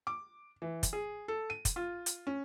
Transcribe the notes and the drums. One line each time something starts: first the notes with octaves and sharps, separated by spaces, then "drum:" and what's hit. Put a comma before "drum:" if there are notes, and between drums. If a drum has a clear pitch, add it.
D6
E3
drum: kick, hi-hat
G#4
A4
D#7
drum: kick, hi-hat
F4
drum: hi-hat
C#4